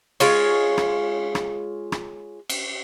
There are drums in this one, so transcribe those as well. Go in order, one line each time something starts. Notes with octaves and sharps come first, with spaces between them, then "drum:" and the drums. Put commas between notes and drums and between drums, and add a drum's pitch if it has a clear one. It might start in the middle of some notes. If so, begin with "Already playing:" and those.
G#3 F4 C#5, drum: cymbal
drum: rim click
drum: rim click
drum: rim click
drum: cymbal